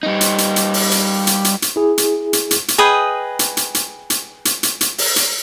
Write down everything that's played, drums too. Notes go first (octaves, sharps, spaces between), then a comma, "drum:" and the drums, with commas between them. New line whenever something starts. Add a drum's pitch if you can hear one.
G3 D#4
drum: hi-hat
drum: hi-hat
drum: hi-hat
drum: open hi-hat
drum: hi-hat
drum: hi-hat
drum: hi-hat
drum: hi-hat
E4 G#4
drum: hi-hat
drum: hi-hat
drum: hi-hat
drum: hi-hat
G#4 B4 D#5 G5
drum: hi-hat
drum: hi-hat
drum: hi-hat
drum: hi-hat
drum: hi-hat
drum: hi-hat
drum: hi-hat
drum: open hi-hat
drum: hi-hat